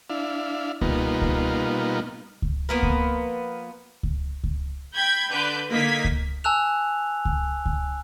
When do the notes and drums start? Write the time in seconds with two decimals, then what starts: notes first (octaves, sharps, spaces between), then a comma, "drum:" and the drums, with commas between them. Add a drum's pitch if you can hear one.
0.10 D4 E4 F5
0.81 B2 G3 A#3 B3 D#4 F4, drum: kick C#2
1.22 drum: kick C#2
2.42 drum: kick C#2
2.69 F3 A#3 B3 A#4
2.83 drum: kick C#2
4.03 drum: kick C#2
4.44 drum: kick C#2
4.95 G5 B5 G6 G#6
5.31 D3 B4 D5 G6
5.72 D3 A#3 D#4 G#6 B6
6.05 drum: kick C#2
6.44 G#5 A5 E6 F#6 F7
7.25 drum: kick C#2
7.66 drum: kick C#2